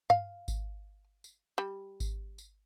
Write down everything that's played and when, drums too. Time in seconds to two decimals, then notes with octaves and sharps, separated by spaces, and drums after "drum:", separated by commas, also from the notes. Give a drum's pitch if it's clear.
0.10 F5, drum: tom G2
0.48 drum: kick G#1, tambourine
1.24 drum: tambourine
1.58 G3
2.00 drum: kick G#1, tambourine
2.38 drum: tambourine